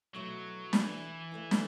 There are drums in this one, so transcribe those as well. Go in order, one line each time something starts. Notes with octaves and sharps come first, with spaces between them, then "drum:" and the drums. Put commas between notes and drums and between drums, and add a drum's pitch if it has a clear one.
B2 F#3 A3 E4
E3, drum: snare
D3 A3 E4
drum: snare